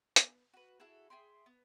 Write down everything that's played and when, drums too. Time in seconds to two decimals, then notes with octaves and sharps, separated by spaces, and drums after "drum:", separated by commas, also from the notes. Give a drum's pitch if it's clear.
0.16 B3, drum: hi-hat
0.54 F#4 B4
0.80 E4 F#4 G#4 A4
1.10 G#4 E5 G5 C6
1.46 B3